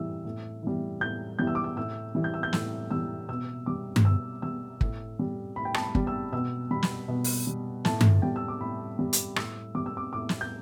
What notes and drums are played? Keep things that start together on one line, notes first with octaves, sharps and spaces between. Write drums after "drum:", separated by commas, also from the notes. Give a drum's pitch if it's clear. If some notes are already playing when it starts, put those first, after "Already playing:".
Already playing: A2 E3 G3 E6
A2
E3 G3
A2 G6
E3 G3 G6
E6
D6
E6
A2 E6
E3 G3
G6
E6
G6
A2 E6, drum: snare
E3 G3 E6
B2 E6
G3 D6
drum: tom G2
B2 E6
G3 E6
A2, drum: kick
G3
A2 B5
G5
A5, drum: rim click
B5
G3, drum: kick
E6
B2 E6
G3 B5
drum: snare
B2
drum: open hi-hat
G3
A2 A5, drum: snare
drum: tom G2
G3 G5
E6
D6
A2 B5
G3
drum: hi-hat
A2 E6, drum: rim click
G3 D6
E6
D6
A2 D6
drum: snare
G6